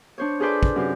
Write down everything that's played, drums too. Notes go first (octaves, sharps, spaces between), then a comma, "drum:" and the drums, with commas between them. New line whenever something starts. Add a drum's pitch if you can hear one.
D4 C5 C#5
F4 G#4 A4 B4 C5 D5
drum: kick
F#2 C3 C5